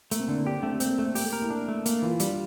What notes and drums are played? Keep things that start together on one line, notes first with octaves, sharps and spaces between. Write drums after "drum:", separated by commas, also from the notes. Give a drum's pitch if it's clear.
A3 A#3, drum: hi-hat
C4
D3 D4
E4
D4 G4
A3 C4
A#3 C4, drum: hi-hat
A3 A#3
A#3 G4, drum: open hi-hat
A3
A#3 A#4
E4
D4
A3
A#3, drum: hi-hat
E3 F4
E4
G3 D4, drum: hi-hat